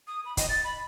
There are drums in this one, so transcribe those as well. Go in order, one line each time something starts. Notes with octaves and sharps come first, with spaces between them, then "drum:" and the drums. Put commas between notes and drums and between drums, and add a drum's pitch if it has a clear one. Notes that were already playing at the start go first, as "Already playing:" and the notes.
D#6
B5
D#5, drum: kick, hi-hat
A6
B5